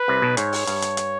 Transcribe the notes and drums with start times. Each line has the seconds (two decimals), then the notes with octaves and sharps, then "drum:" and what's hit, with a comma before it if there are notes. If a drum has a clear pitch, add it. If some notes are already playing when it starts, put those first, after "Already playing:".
Already playing: B4
0.08 C2 C3
0.22 B1 B2
0.37 G#2 C#5, drum: hi-hat
0.53 drum: open hi-hat
0.67 G2, drum: hi-hat
0.82 drum: hi-hat
0.97 drum: hi-hat